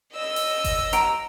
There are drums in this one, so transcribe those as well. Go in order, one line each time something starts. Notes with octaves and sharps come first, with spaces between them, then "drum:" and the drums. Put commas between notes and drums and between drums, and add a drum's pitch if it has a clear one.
D#5 E6
drum: open hi-hat
drum: kick G1, open hi-hat
A#5 D7, drum: hi-hat